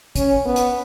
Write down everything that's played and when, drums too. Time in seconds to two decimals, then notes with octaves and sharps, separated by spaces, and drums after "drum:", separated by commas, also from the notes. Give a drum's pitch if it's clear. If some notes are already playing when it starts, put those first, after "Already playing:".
0.16 C#4, drum: kick, hi-hat
0.45 B3
0.56 drum: hi-hat